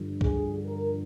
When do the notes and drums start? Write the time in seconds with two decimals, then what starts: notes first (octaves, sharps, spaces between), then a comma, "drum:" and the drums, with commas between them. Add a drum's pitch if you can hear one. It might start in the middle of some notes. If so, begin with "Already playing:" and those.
Already playing: G2 D3 F3
0.21 G#4, drum: kick
0.66 A#4